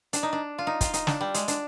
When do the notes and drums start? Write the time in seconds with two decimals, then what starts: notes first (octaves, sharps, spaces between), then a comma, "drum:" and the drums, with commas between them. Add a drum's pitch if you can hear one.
0.13 D4, drum: hi-hat
0.23 D#4
0.33 D4
0.58 F4
0.67 D#4
0.81 F4, drum: kick, hi-hat
0.94 D#4, drum: hi-hat
1.07 D4, drum: snare
1.21 G3
1.34 G#3, drum: hi-hat
1.48 D4, drum: hi-hat